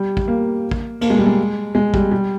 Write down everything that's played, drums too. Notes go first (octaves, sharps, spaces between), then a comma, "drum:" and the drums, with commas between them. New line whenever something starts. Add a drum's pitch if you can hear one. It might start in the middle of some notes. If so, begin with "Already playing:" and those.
Already playing: G3
drum: kick
A#3
drum: kick
A#3, drum: cymbal
G#3
G3
G#3
G#3
G3, drum: kick
G3